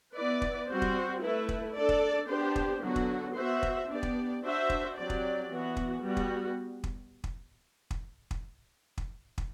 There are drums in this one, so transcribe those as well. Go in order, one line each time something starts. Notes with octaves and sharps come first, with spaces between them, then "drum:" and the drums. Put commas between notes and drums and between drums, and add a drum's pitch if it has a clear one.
B3 E4 B4 D5
drum: kick
G3 C4 F#4 C5
drum: kick
A3 E4 B4
drum: kick
D4 A4 D5
drum: kick
B3 D4 G4 C5
drum: kick
D3 F#3 B3 F#4
drum: kick
B3 F#4 C5 E5
drum: kick
B3 D4 G4 D5
drum: kick
D4 F#4 C5 E5
drum: kick
F#3 C4 G4 D5
drum: kick
E3 B3 F#4
drum: kick
G3 B3 F#4
drum: kick
drum: kick
drum: kick
drum: kick
drum: kick
drum: kick
drum: kick